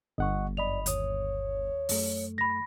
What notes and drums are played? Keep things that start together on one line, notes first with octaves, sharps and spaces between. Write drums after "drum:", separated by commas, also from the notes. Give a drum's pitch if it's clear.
G1 D#5 F#5 C#6
F#2 D5 D#5 B5 F7
D#2 C#5 D#6, drum: hi-hat
F#2 A3, drum: open hi-hat
B5 A#6